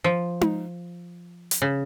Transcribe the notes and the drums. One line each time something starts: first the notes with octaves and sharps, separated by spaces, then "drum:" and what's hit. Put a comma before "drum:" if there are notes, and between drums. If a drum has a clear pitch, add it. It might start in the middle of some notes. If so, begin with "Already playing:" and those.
F3
drum: tom D#4
drum: hi-hat
C#3